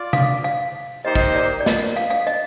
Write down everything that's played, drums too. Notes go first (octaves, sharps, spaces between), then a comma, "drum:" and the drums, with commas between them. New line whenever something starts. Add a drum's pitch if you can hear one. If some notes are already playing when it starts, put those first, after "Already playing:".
Already playing: F4 D5
F5, drum: tom C3
F5
A#3 D#4 G4 C5 D#5
drum: kick
D5
D5
D#5, drum: snare
F5
F5
D#5